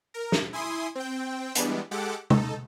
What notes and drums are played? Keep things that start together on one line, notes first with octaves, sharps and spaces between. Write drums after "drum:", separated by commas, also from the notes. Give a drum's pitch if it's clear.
A#4
drum: snare
E4 G#5 C6 D#6
C4 G5
E3 G3 G#3 B3 D4, drum: hi-hat
G#3 G4 A4 F#5 D6
D#4 A4, drum: tom C3